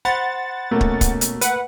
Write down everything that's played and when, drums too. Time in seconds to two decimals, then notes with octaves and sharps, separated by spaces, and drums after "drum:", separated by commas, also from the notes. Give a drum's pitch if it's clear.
0.05 C5 F#5 B5 A6 F7
0.71 B2 A3 A#3 C#4
0.81 drum: kick
1.01 drum: kick, hi-hat
1.21 drum: hi-hat
1.41 B4 F#5, drum: hi-hat